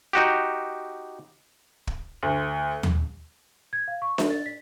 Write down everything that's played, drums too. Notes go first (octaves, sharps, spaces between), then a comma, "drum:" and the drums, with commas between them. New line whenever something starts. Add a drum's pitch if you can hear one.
D#4 F#4 G4
drum: kick
D2
drum: tom D#2
G#6
F5
C#6
E5, drum: snare D4
A6
B6